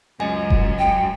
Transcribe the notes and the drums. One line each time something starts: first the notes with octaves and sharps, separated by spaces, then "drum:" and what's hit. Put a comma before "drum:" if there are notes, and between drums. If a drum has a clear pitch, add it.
C#2 F#2 D#5 G#5
drum: kick F1
G5